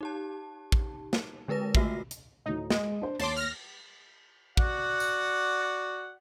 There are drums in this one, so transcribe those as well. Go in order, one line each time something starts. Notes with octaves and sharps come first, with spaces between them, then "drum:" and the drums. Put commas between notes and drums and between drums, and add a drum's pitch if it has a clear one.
D#4 G4 A5
drum: kick
drum: snare
D3 G#3 A#4 B4 A#6
A3 F4 F#4 E5 A#6 C7, drum: kick
drum: hi-hat
D2 A2 D#4
G#3 D#5, drum: snare
D4 C5
D#2 C#5 A5 C6 D6, drum: cymbal
F6 A#6
F#4 D5 F#5, drum: kick
drum: tambourine